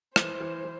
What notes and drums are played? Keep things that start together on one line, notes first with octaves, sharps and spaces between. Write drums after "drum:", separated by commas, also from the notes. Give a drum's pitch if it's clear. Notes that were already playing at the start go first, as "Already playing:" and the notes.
E3 C5, drum: rim click
E3
E3